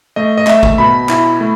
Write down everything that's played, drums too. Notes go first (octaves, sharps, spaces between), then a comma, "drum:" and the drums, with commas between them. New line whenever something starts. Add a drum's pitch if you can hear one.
A3 D#5
D#5
A3 E5, drum: clap
drum: kick
B2 B5
E4, drum: clap
A3